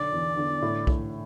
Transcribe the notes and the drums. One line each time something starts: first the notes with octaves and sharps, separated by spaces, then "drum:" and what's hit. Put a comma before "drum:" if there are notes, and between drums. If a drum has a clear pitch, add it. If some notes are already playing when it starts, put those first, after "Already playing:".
Already playing: B1 D3 D5
E2
D3
A2
A2, drum: kick